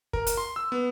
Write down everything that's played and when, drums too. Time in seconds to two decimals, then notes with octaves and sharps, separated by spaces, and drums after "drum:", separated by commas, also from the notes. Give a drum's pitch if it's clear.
0.13 A#4, drum: kick
0.27 drum: hi-hat
0.37 C6
0.56 E6
0.72 B3